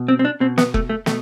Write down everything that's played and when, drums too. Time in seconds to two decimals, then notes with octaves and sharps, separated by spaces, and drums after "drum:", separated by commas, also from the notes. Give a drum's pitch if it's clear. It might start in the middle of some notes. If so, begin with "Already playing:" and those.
Already playing: B2
0.08 C4
0.19 C4
0.25 D4
0.40 B2 C4
0.58 B3, drum: snare
0.74 A3, drum: kick F1
0.89 A3
1.06 B2 A3, drum: snare